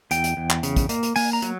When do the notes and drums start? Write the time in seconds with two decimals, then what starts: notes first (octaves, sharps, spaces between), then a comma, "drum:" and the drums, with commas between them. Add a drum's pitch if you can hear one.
0.11 E2 G5, drum: hi-hat
0.24 drum: hi-hat
0.37 E2
0.50 drum: clap
0.63 C#3, drum: hi-hat
0.76 drum: kick, hi-hat
0.89 A#3, drum: hi-hat
1.03 drum: hi-hat
1.16 A#3 G#5, drum: open hi-hat
1.33 A#5
1.42 F#3, drum: hi-hat